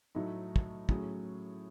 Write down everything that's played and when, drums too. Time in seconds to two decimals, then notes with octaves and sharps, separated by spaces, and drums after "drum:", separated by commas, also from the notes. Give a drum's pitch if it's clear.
0.15 A2 F#3 A3 D#4
0.56 drum: kick
0.89 A2 F#3 C#4 G#4, drum: kick